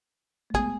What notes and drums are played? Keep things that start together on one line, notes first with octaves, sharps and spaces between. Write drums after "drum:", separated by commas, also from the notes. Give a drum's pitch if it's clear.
A3
G#3 B3 G#4, drum: kick